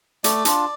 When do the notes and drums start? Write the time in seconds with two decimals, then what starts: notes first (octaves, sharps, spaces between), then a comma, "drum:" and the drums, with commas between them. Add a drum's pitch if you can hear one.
0.24 A3 D5, drum: hi-hat
0.45 D4 F4, drum: hi-hat